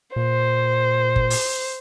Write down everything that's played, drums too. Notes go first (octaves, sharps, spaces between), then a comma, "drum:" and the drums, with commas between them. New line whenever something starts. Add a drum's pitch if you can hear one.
A#2 C5
drum: kick G1
drum: open hi-hat